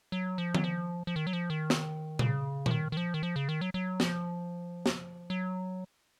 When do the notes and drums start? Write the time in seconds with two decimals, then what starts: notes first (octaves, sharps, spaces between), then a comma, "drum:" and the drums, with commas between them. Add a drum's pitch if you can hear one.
0.12 F#3
0.38 F3
0.55 F#3, drum: tom D#3
0.64 F3
1.07 F3
1.16 D#3
1.27 F#3
1.33 F3
1.50 D#3
1.70 drum: snare
2.19 C#3, drum: tom A#2
2.66 F3, drum: tom A#2
2.71 D#3
2.92 D#3
2.97 F3
3.14 D#3
3.23 F3
3.36 C#3
3.49 D#3
3.61 F#3
3.74 F#3
4.00 F3, drum: snare
4.86 drum: snare
5.30 F#3